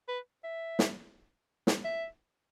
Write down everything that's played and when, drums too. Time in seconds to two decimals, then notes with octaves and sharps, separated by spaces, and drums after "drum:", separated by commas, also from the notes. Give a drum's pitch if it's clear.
0.08 B4
0.44 E5
0.79 drum: snare
1.67 drum: snare
1.84 E5